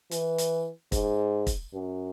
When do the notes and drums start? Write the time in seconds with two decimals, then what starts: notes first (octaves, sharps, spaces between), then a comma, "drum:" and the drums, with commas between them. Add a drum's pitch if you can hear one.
0.11 E3, drum: hi-hat
0.38 drum: hi-hat
0.92 G#2, drum: kick, hi-hat
1.47 drum: kick, hi-hat
1.74 F#2